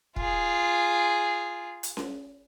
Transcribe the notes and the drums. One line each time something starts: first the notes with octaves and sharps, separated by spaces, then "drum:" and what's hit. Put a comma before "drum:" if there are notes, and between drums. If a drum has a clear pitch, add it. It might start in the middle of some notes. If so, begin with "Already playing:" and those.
F4 G#4, drum: kick
drum: hi-hat
drum: snare C#4